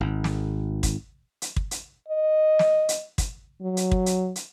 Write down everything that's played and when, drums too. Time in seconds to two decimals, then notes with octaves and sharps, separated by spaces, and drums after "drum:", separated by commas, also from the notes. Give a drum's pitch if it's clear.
0.01 G#1
0.24 drum: snare
0.83 drum: kick, hi-hat
1.42 drum: hi-hat
1.56 drum: kick
1.71 drum: hi-hat
2.08 D#5
2.59 drum: snare
2.89 drum: hi-hat
3.18 drum: kick, hi-hat
3.62 F#3
3.77 drum: hi-hat
3.91 drum: kick
4.06 drum: hi-hat
4.36 drum: hi-hat